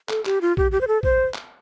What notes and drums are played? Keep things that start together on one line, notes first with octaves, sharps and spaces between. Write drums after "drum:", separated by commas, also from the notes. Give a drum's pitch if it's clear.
A4, drum: clap
G4, drum: clap
F4
G4, drum: kick A#1
G4
C5
A4
C5, drum: kick A#1
drum: clap